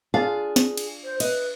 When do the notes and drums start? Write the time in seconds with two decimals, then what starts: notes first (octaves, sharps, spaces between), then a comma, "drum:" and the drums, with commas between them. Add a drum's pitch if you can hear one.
0.14 D4 F4 G#4 F5
0.56 drum: snare
0.77 drum: cymbal
1.04 C5
1.20 B4 D#5, drum: cymbal